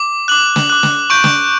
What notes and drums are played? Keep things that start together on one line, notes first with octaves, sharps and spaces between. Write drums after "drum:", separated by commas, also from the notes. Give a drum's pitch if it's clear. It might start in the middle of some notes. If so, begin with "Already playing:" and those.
Already playing: D6
D6 F#6 F#7
drum: snare
D6 F#6
drum: snare
C#6 G6 D7
drum: snare